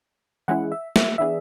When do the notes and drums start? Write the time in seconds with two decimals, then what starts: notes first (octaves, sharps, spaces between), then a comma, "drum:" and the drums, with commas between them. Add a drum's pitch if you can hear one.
0.48 E3 G#3 C#4 E4 F#5
0.72 E5
0.96 E5, drum: snare
1.18 E3 B3 D4 G#4 E5